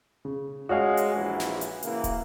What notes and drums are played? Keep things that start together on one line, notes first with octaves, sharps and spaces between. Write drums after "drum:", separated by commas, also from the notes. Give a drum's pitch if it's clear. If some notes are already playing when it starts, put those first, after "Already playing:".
C#3
G#3 F#4 C#5 F5
drum: hi-hat
A#1 F#2 E3
drum: snare
drum: hi-hat
C#3 E3 A#3, drum: hi-hat
drum: kick, hi-hat